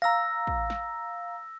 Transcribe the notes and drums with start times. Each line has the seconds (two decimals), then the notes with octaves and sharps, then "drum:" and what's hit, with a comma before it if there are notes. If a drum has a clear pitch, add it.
0.02 F5 A#5 E6 A#6
0.47 drum: kick
0.70 drum: snare